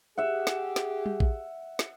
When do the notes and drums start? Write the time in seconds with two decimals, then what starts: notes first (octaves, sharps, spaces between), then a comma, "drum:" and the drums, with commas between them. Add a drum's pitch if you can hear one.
0.17 G4 G#4 E5 F#5
0.47 drum: snare
0.76 drum: snare
1.06 drum: tom G3
1.20 drum: kick
1.79 drum: snare